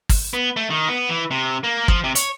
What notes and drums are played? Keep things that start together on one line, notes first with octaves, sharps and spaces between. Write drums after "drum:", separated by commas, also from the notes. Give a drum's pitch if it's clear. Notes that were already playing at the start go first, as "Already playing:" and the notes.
drum: kick, open hi-hat
B3
A3
D#3
B3
E3
C3
A#3
F3, drum: kick
C3
C#5, drum: hi-hat